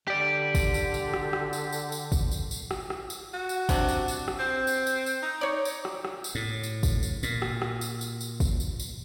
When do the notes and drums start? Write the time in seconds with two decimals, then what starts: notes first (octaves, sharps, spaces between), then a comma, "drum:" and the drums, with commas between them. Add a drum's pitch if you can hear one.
0.08 D3 G4 D5
0.55 drum: kick, tambourine
0.74 drum: tambourine
0.94 drum: tambourine
1.14 drum: rim click
1.33 drum: rim click
1.53 drum: tambourine
1.72 drum: tambourine
1.92 drum: tambourine
2.12 drum: kick, tambourine
2.31 drum: tambourine
2.51 drum: tambourine
2.71 drum: rim click
2.90 drum: rim click
3.10 drum: tambourine
3.34 F#4
3.49 drum: tambourine
3.69 C3 D4, drum: kick, tambourine
3.89 drum: tambourine
4.08 drum: tambourine
4.28 drum: rim click
4.39 C4
4.67 drum: tambourine
4.87 drum: tambourine
5.06 drum: tambourine
5.22 D#4
5.41 C#5 D5
5.65 drum: tambourine
5.85 drum: rim click
6.05 drum: rim click
6.24 drum: tambourine
6.35 A2
6.63 drum: tambourine
6.83 drum: kick, tambourine
7.03 drum: tambourine
7.23 A#2, drum: tambourine
7.42 drum: rim click
7.62 drum: rim click
7.81 drum: tambourine
8.01 drum: tambourine
8.21 drum: tambourine
8.40 drum: kick, tambourine
8.60 drum: tambourine
8.80 drum: tambourine